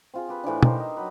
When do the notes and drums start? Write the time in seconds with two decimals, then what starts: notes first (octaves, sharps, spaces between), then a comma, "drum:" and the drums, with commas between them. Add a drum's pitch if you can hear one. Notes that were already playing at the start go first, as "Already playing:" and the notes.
0.14 C4 F4 G#4
0.29 G4 B4
0.44 A2 E3 F3 D4
0.63 D#4 G4 A#4 C5, drum: tom
0.80 D#5
0.97 F#3 B4